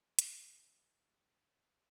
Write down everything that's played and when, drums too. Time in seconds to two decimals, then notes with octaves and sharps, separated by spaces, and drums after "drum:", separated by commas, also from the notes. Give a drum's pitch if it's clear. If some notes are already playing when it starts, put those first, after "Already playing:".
0.19 G2 D3, drum: hi-hat